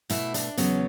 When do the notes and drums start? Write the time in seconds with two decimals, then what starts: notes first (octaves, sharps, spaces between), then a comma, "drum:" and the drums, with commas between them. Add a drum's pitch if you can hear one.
0.10 B2 A3 E4, drum: hi-hat
0.34 D4, drum: hi-hat
0.57 E2 C#3 F#3 B3 C#4, drum: hi-hat